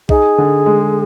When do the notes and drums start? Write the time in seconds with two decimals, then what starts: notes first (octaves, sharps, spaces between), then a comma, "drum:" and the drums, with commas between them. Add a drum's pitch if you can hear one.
0.09 D#4 G#4, drum: kick B1
0.38 D3
0.66 G#3